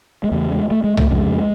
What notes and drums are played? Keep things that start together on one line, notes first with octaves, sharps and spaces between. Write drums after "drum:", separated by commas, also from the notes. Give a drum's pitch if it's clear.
G#3
E2 C#3 A3
G#3
A3
G#3
A3, drum: tom C2
F2 C#3 G#3